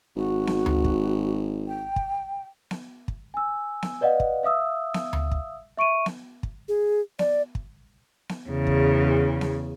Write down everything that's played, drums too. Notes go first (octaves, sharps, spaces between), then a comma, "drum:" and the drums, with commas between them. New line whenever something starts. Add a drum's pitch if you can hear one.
G#1 F#4
drum: snare B3
drum: tom D2
drum: kick
G5
drum: kick
drum: snare B3
drum: kick
G#5 E6
drum: snare B3
B4 D5 D#5 F5 F#5
drum: kick
E5 F5 D#6 E6
drum: snare B3
drum: tom D2
drum: kick
E5 C#6 D7 D#7
drum: snare B3
drum: kick
G#4
D5, drum: snare B3
drum: kick
drum: snare B3
E2 C#3
drum: kick
drum: snare B3